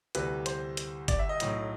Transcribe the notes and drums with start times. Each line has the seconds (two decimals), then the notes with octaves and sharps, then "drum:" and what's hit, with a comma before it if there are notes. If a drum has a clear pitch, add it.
0.15 D2 C3 E3 G3 B4, drum: hi-hat
0.46 C5, drum: hi-hat
0.77 drum: hi-hat
1.08 D5, drum: kick, hi-hat
1.19 E5
1.29 D#5
1.40 B1 A2 F#3, drum: hi-hat